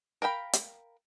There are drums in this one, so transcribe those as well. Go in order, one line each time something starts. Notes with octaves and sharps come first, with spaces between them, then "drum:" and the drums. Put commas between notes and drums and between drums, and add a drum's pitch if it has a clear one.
A#4 F5 G5 B5
drum: hi-hat